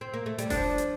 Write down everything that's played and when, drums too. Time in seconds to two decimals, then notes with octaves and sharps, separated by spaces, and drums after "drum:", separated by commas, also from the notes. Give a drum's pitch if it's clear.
0.01 C4
0.14 A#3
0.26 A3
0.38 G3, drum: hi-hat
0.50 F3 D4, drum: kick F1, open hi-hat
0.78 drum: hi-hat